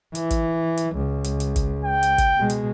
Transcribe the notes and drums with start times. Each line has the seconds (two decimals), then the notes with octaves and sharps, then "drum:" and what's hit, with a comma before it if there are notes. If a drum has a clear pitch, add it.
0.15 E3, drum: hi-hat
0.30 drum: kick, hi-hat
0.77 drum: hi-hat
0.96 C#2
1.24 drum: hi-hat
1.40 drum: hi-hat
1.56 drum: kick, hi-hat
1.84 G5
2.03 drum: hi-hat
2.18 drum: kick, hi-hat
2.38 B2 G#3
2.50 drum: hi-hat